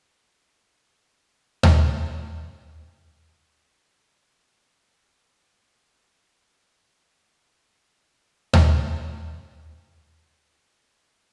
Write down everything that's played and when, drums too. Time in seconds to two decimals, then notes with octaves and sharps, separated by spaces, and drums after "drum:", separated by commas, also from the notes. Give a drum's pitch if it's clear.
0.16 D4 G#5 A#5
1.63 drum: tom D#2
2.55 C#3 A#3 G#4
3.76 B4 F#5
4.49 B4 A5
5.27 C6
6.71 C#4 A6 C#7 D7
8.11 G3 G#3 B3
8.53 drum: tom D#2
10.46 C#3 A#3 E4 B4 D#5
11.10 F2 C3 D#3 F#3 A#3 F4 F5 A5